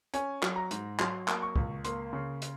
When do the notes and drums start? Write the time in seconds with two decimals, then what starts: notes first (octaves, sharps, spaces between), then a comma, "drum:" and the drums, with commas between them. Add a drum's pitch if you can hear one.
0.14 C#4 G#5, drum: hi-hat
0.43 F#3, drum: clap
0.56 A#5
0.71 G#2, drum: hi-hat
0.99 F#3 C6, drum: clap
1.28 A#3, drum: clap
1.42 C#6
1.56 C#2, drum: kick
1.85 A#3 C6, drum: hi-hat
2.13 C#3
2.42 drum: hi-hat